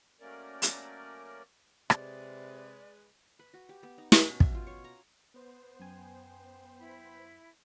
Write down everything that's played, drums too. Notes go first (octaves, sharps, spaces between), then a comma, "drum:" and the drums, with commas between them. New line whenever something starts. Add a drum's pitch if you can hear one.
F#3 A3 A#3 C#4 A#4 D5
drum: hi-hat
C3 G#3 B4 D5, drum: rim click
B4
F#4
G4
B3
D#4
C#4, drum: snare
B2
E5, drum: kick
F4
C#5
A#5
B3 B4 C5
F#2 G5 G#5
E4 B5